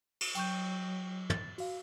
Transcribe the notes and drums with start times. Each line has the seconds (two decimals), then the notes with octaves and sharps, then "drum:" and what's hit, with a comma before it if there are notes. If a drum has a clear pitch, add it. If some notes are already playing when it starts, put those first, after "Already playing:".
0.21 drum: cymbal
0.35 F#3 G5 C#6 G6, drum: tambourine
1.30 A6, drum: tom
1.58 F#4 F5, drum: open hi-hat